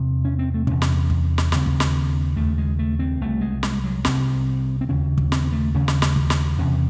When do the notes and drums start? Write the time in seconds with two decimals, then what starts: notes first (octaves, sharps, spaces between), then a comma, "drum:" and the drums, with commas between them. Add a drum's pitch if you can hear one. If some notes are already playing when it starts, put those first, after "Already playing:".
Already playing: E2 C3
0.25 C#4
0.39 C4
0.54 A3
0.67 E2 C3 C#4, drum: kick
0.82 drum: snare
1.10 drum: kick
1.38 drum: snare
1.52 D#2 C#3 C4, drum: snare
1.66 drum: kick
1.80 drum: snare
2.36 D#2 C#3 A3
2.58 G#3
2.79 A3
2.99 C4
3.21 C2 C3 A3
3.41 G#3
3.63 G#3, drum: snare
3.84 F#3
4.05 C2 C3 C4, drum: snare
4.81 C4
4.89 D#2 C#3 C#4
5.18 drum: kick
5.32 C4, drum: snare
5.44 C4
5.52 A3
5.74 D#2 C#3 C#4
5.88 drum: snare
6.02 drum: snare
6.16 drum: kick
6.30 drum: snare
6.58 E2 C3 C#4